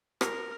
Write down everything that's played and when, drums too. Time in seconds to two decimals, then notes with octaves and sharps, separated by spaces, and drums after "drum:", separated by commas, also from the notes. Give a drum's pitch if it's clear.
0.21 A#4, drum: rim click